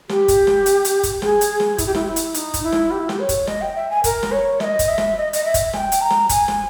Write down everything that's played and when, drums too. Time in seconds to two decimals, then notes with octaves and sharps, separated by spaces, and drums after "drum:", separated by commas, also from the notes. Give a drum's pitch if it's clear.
0.09 G4, drum: snare
0.28 drum: kick, hi-hat
0.47 drum: snare
0.66 drum: hi-hat
0.85 drum: hi-hat
1.03 drum: kick, hi-hat
1.22 G#4, drum: snare
1.41 drum: hi-hat
1.50 G#4
1.60 drum: snare
1.78 E4, drum: kick, hi-hat
1.86 G4
1.95 E4, drum: snare
2.06 E4
2.16 drum: hi-hat
2.34 D#4, drum: hi-hat
2.54 drum: kick, hi-hat
2.63 E4
2.72 drum: snare
2.91 G4
2.99 E4
3.09 G4, drum: snare
3.19 C#5
3.29 drum: kick, hi-hat
3.47 D#5, drum: snare
3.61 G5
3.76 E5
3.90 G#5
4.04 A#4, drum: kick, hi-hat
4.23 drum: snare
4.32 C#5
4.60 E5, drum: snare
4.64 D#5
4.79 drum: kick, hi-hat
4.88 E5
4.98 drum: snare
5.17 D#5
5.33 D#5, drum: hi-hat
5.44 E5
5.54 drum: kick, hi-hat
5.73 G#5, drum: snare
5.77 G5
5.92 drum: hi-hat
6.01 A#5
6.10 drum: snare
6.29 G#5, drum: kick, hi-hat
6.48 drum: snare